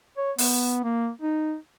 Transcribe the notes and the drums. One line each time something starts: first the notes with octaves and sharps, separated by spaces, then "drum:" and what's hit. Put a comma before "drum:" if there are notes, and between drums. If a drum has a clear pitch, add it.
C#5
B3, drum: open hi-hat
A#3
D#4